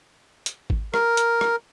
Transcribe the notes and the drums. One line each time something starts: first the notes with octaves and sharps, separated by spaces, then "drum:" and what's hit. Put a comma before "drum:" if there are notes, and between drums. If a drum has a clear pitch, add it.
drum: hi-hat
drum: kick G#1
A#4, drum: rim click
drum: hi-hat
drum: rim click